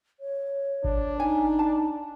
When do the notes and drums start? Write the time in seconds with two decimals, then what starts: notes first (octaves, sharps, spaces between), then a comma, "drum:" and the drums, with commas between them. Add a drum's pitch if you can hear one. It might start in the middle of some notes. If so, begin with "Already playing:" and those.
0.20 C#5
0.84 D4, drum: kick G#1
1.20 D#4 G#5
1.59 A5